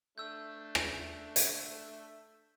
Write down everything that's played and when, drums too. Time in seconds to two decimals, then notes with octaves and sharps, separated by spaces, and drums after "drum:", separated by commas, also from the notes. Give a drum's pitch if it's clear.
0.18 A3 D4 E5 E6 G6
0.75 drum: rim click
1.36 drum: hi-hat